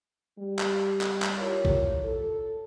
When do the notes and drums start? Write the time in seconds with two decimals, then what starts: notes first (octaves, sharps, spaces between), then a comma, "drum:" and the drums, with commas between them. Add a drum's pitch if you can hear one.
0.38 G3
0.59 drum: clap
1.01 drum: clap
1.22 drum: clap
1.39 E4 F4 G4 A#4 C#5
1.65 drum: kick A#1
2.04 A4